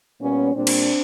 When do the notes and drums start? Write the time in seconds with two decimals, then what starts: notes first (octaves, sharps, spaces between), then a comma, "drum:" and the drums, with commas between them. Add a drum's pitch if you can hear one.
0.20 A#2 G3 A#3 B3 C#4
0.55 A#2 G3 A#3 C4 D4
0.67 drum: cymbal